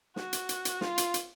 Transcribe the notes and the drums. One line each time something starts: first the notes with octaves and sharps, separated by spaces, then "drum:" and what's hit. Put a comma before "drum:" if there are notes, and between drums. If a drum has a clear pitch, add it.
F#4, drum: snare
drum: hi-hat
drum: hi-hat
drum: hi-hat
F4, drum: snare
drum: hi-hat
drum: hi-hat